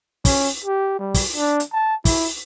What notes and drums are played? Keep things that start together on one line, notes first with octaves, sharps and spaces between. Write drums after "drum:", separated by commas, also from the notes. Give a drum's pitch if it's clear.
C#4, drum: kick, open hi-hat
G4
G3
drum: kick, open hi-hat
D4
drum: hi-hat
A5
E4, drum: kick, open hi-hat